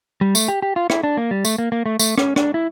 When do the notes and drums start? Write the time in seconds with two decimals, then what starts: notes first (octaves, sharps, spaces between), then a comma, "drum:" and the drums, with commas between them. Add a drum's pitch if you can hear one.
0.21 G3
0.35 A3, drum: tambourine
0.48 G4
0.62 G4
0.76 F4
0.90 E4, drum: rim click
1.03 D4
1.17 A#3
1.31 G3
1.45 A3, drum: tambourine
1.58 A#3
1.72 A#3
1.86 A3
1.99 A3, drum: tambourine
2.18 C#4, drum: rim click
2.36 D4, drum: rim click
2.54 E4